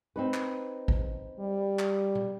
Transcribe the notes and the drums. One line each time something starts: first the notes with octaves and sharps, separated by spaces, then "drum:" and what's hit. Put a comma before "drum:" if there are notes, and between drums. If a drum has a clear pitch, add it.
C4 D#4 B4
drum: clap
drum: kick
G3
drum: clap
drum: tom A#2